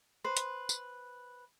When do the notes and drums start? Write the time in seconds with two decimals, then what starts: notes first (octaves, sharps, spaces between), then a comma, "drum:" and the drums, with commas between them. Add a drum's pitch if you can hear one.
0.24 B4 C5
0.37 drum: hi-hat
0.69 drum: tambourine